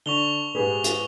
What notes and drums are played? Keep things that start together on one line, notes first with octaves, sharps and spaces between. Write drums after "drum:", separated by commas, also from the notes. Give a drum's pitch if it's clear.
D3 D4 C#6 F7 G7
G#2 G4 G#4 B4
drum: hi-hat